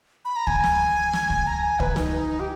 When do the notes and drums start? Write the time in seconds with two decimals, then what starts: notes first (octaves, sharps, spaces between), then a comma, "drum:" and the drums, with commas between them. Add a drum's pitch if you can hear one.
0.25 B5
0.36 A#5
0.47 G#5, drum: kick
0.64 drum: snare
1.13 drum: snare
1.30 drum: kick
1.47 A#5
1.63 G#5
1.80 B4, drum: kick
1.96 D#4, drum: snare
2.40 G4